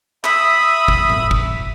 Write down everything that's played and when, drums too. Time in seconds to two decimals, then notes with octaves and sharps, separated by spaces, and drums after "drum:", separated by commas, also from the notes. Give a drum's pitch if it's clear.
0.24 E5 B5 D#6, drum: clap
0.88 drum: kick
1.10 drum: tom A2
1.31 drum: kick